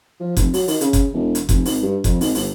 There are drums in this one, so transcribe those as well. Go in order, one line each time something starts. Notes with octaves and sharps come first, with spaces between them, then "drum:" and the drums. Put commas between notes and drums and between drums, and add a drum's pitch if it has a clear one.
F3
F1, drum: kick F#1, hi-hat
F#3, drum: open hi-hat
D#3, drum: open hi-hat
C#3, drum: hi-hat
drum: kick F#1, hi-hat
E1
drum: hi-hat
F1, drum: kick F#1, hi-hat
G#1, drum: open hi-hat
G2
F2, drum: kick F#1, hi-hat
G#1, drum: open hi-hat
G1, drum: open hi-hat